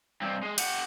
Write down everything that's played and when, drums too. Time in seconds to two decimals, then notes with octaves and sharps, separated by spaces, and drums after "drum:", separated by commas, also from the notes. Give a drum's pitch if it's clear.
0.22 G2 C4
0.43 G#3 D#5
0.58 G4 F#5, drum: cymbal